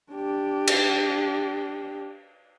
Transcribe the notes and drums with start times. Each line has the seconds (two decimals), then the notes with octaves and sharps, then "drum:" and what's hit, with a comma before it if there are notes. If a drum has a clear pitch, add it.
0.12 D4 G4
0.67 drum: cymbal